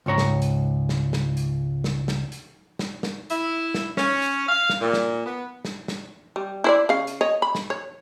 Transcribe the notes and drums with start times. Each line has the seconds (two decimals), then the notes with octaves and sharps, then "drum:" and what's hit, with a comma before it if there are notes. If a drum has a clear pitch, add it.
0.06 C#2 G#2 C#5 A#5
0.18 drum: snare
0.42 drum: hi-hat
0.89 drum: snare
1.13 drum: snare
1.37 drum: hi-hat
1.84 drum: snare
2.08 drum: snare
2.32 drum: hi-hat
2.79 drum: snare
3.03 drum: snare
3.30 E4, drum: hi-hat
3.74 drum: snare
3.97 C#4, drum: snare
4.22 drum: hi-hat
4.49 F5
4.70 drum: snare
4.81 A#2
4.93 drum: snare
5.26 B3
5.65 drum: snare
5.88 drum: snare
6.36 G3
6.64 E4 C5 D5
6.89 C#3 F5
7.07 drum: hi-hat
7.21 C#5 D#5
7.42 B5
7.55 drum: snare
7.70 C#5